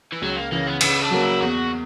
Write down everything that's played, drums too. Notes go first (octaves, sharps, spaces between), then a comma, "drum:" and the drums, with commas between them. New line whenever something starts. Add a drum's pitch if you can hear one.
E3
C#2 F#3
A#3
C#3 E3 A#3
B3
C#3 B3, drum: cymbal
D4
F#3 A#3
E4
E2 F#4